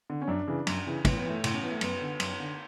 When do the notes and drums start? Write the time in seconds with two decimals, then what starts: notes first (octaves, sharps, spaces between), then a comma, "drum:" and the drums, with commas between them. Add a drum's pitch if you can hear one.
0.10 D3
0.22 C#4
0.28 F#2 D4
0.47 C#3 E3
0.67 F#2, drum: cymbal
0.86 C#3 E3
1.05 A2 B3, drum: kick, cymbal
1.17 B3
1.24 E3
1.30 A3
1.44 A2, drum: cymbal
1.53 C#4
1.62 E3 B3
1.71 A3
1.81 F#2 B3, drum: cymbal
2.01 D3
2.20 F#2, drum: cymbal
2.40 D3